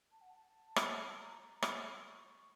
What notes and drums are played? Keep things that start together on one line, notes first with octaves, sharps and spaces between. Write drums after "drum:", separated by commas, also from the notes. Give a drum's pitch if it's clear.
A5
F#5
A5
drum: rim click
A#5
C6, drum: rim click
D#6
C#6